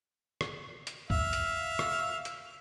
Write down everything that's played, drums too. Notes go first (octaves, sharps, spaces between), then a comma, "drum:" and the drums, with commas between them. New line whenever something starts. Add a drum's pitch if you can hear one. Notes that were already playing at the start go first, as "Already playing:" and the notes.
drum: rim click
drum: hi-hat
E5 F5, drum: kick
drum: hi-hat
drum: rim click
drum: hi-hat